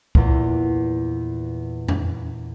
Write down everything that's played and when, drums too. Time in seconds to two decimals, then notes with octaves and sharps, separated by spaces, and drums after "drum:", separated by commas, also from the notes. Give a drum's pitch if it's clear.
0.15 E2 A#2, drum: kick
1.88 drum: tom F2